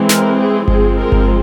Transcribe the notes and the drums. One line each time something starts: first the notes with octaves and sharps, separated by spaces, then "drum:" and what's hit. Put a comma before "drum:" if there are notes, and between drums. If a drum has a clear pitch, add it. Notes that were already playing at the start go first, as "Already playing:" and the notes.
Already playing: E3 G#3 C4
A#4, drum: snare
G#4
F3 G#3 C4 G#4, drum: kick G1
A#4
drum: kick G1